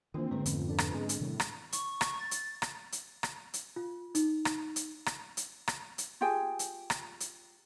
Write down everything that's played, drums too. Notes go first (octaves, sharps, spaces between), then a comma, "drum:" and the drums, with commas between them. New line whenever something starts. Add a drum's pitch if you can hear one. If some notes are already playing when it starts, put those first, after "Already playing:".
D#3 E3 A#3 C4 D4 F4
G#2 D3 G#3 A3 B3 B4
F2 G#2 C4 C#4, drum: hi-hat
D4 A4 B4
drum: rim click
G#3 B3 C4
drum: hi-hat
A2 C3 D#3 G3
drum: rim click
C#6, drum: hi-hat
drum: rim click
A6
drum: hi-hat
drum: rim click
drum: hi-hat
drum: rim click
drum: hi-hat
F4
D#4, drum: hi-hat
drum: rim click
drum: hi-hat
drum: rim click
drum: hi-hat
drum: rim click
drum: hi-hat
F4 G4 G#4 G5
drum: hi-hat
drum: rim click
drum: hi-hat